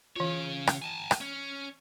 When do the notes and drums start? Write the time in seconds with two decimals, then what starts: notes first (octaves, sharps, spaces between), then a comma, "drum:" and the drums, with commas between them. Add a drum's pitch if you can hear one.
0.16 C#3 E3 F4 C#5
0.67 drum: rim click
0.82 G#5 A5
1.11 drum: rim click
1.21 C#4 C#5